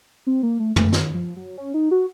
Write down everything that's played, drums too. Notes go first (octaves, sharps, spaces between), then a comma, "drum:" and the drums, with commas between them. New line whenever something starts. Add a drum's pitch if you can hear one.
C4
A#3
A3
A3, drum: tom
D#3, drum: snare
F3
F#3
C#4
D#4
F#4